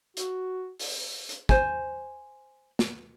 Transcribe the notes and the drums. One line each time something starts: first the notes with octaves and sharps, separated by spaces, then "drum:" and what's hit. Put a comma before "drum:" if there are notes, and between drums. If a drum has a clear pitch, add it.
F#4, drum: hi-hat
drum: open hi-hat
drum: hi-hat
C5 G#5, drum: kick
drum: snare